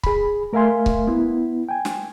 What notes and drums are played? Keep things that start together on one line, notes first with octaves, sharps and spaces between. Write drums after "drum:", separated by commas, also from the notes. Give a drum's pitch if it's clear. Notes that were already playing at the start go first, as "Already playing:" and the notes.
G#4 B5, drum: kick C#1
A3 A#4 E5 F5 G#5 C6
drum: kick C#1
B3 E4
G5 G#5
drum: snare